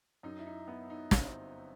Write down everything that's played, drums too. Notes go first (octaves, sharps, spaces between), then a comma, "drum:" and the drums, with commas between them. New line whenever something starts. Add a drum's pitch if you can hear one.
F#2 D#4
E4
D#4
B3 E4
D#4
G1 C4, drum: snare